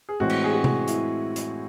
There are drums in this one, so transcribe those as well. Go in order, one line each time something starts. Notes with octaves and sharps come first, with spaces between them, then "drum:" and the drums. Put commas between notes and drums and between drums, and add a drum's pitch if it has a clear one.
G#4
A2 E3 G#3 C4 F#4
drum: cymbal
G#4
F#4
drum: tom C3
E4, drum: hi-hat
drum: hi-hat